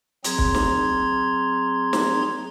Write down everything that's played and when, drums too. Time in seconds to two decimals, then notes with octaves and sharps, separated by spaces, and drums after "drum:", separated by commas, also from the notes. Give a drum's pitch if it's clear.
0.24 F#3 C4 G#4 A#5 C6 G#6, drum: hi-hat
0.38 drum: kick
0.55 drum: snare
1.93 drum: snare